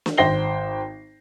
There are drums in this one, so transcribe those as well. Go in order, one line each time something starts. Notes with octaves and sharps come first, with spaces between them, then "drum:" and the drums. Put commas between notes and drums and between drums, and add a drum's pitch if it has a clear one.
drum: snare
G#1 C5 G5 A#6 C7 G7